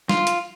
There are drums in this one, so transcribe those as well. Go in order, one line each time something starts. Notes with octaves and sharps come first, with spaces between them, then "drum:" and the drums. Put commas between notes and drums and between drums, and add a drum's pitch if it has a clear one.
F4, drum: snare
drum: hi-hat